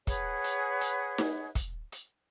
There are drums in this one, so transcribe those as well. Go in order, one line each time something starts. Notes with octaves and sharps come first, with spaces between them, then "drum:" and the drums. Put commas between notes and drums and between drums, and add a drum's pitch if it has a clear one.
G#4 B4 C#5 F#5, drum: kick, hi-hat
drum: hi-hat
drum: hi-hat
drum: snare D#4
drum: kick, hi-hat
drum: hi-hat